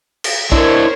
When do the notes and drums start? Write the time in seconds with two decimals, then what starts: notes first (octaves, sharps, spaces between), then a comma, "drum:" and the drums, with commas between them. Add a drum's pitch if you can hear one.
0.24 drum: cymbal
0.52 D4 E4 A#4 C5 C#5, drum: kick B1